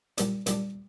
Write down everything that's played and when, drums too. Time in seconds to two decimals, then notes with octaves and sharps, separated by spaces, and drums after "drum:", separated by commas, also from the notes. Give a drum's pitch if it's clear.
0.18 A#2 G3 D4, drum: hi-hat
0.46 A#2 G3 D4, drum: hi-hat